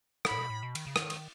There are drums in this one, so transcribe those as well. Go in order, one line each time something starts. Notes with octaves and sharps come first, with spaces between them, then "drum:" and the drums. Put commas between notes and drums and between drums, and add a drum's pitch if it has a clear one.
B5, drum: rim click
A2
B2
A2
B2
D#3, drum: cymbal
C#3
D#3, drum: rim click
drum: cymbal